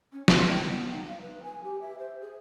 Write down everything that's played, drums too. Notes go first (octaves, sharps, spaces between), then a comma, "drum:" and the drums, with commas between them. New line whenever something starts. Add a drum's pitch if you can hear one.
C#4
F4, drum: snare
G5
B3
D#4
F5
B4
G#5
G4
E5
C5
G#4